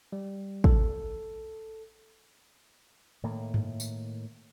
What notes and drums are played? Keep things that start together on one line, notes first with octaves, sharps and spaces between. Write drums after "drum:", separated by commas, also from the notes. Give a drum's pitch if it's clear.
G3
A4, drum: kick
A2 D#3 A#3
drum: tom G2
drum: tambourine